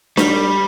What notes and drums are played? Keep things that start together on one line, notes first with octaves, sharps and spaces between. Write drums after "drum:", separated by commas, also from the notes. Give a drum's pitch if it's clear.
G3, drum: snare D4